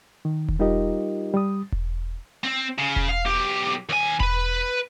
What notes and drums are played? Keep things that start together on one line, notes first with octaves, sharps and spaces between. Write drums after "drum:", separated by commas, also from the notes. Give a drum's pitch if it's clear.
D#3
drum: kick E1
G3 D#4 F4 G4 A#4 D#5
G3 D#6
drum: kick E1
C4
C#3
drum: kick E1
F5
B1 G4
D#2 G#5
B4 B5, drum: kick E1